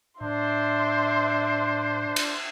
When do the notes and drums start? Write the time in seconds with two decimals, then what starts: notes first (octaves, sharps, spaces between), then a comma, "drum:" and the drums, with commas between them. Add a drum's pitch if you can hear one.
0.21 A2 D4 C5 E5 C6
2.16 drum: cymbal